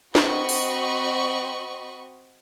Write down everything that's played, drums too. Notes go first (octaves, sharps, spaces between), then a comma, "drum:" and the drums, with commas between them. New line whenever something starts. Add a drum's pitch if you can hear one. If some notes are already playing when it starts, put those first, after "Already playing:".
C4 F#4 D#5 B5 C#6, drum: snare
drum: open hi-hat